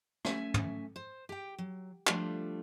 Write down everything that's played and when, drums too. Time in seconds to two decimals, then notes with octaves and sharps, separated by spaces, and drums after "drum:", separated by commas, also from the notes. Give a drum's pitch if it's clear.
0.25 A3 C#4 E5 G#5, drum: rim click
0.54 drum: tom
0.96 C5
1.29 G4 G5
1.58 F#3
2.07 F3 G3 A3 D4 F4, drum: clap